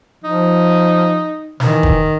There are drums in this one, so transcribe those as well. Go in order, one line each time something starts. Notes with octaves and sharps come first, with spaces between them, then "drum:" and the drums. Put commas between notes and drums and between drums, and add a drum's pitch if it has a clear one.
F3 D#4
D#3 E3, drum: snare
drum: kick